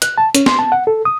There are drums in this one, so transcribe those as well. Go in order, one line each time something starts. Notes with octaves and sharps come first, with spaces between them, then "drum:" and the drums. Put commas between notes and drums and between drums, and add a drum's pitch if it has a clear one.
F#6, drum: hi-hat
A5
C#4, drum: hi-hat
C6, drum: snare
A5
F#5
A4
D#6